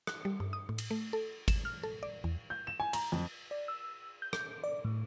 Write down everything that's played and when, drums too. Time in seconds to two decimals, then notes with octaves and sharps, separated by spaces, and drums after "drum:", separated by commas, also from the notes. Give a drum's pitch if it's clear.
0.07 F#6, drum: rim click
0.25 G3
0.40 G2
0.53 D#6
0.69 A2
0.78 drum: cymbal
0.91 A3
1.13 A4
1.48 E7, drum: kick, cymbal
1.65 F6
1.83 A4
2.03 D5
2.24 E2
2.50 G6
2.67 E7
2.80 G#5
2.93 A#5, drum: cymbal
3.12 F2
3.51 D5
3.68 E6
4.22 G6
4.33 drum: rim click
4.64 D5
4.85 A2